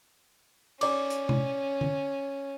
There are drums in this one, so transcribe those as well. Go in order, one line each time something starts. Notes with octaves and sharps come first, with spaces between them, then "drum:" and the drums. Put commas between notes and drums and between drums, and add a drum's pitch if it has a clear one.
C#4 D5 D6, drum: cymbal
drum: hi-hat
drum: tom C3
drum: tom D3